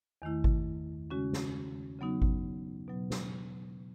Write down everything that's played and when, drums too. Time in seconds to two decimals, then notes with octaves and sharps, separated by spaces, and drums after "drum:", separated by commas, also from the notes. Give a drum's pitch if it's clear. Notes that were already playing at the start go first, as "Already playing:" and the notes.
0.22 E2 D#3 A3 E4
0.44 drum: kick G#1
1.11 C#3 G#3 C#4 F#4
1.33 drum: snare
1.99 C#3 F#3 B3 D#4 F#4
2.22 drum: kick G#1
2.88 B2 F#3 B3
3.10 drum: snare